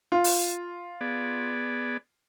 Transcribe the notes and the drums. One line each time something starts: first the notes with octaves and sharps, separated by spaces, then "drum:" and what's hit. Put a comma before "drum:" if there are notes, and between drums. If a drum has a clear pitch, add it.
F4
drum: open hi-hat
B3 G#4 D5